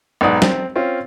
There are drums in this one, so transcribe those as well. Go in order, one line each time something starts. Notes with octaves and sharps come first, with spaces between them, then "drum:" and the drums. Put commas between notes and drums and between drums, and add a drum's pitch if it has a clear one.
B1 G#2 B3 D#4 D5 D#6
C4, drum: snare
C4 C#4 F4